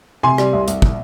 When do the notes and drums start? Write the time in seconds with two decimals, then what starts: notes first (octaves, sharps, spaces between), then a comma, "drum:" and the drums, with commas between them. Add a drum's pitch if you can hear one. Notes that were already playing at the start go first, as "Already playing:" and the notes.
0.23 C3 G#5 C6
0.38 G3, drum: rim click
0.53 C2
0.68 C2, drum: hi-hat
0.82 drum: kick